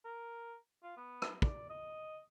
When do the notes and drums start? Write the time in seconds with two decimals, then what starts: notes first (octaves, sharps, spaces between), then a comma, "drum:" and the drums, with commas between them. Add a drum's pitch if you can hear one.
0.05 A#4
0.82 F4
0.97 B3
1.22 drum: rim click
1.42 D5, drum: kick
1.70 D#5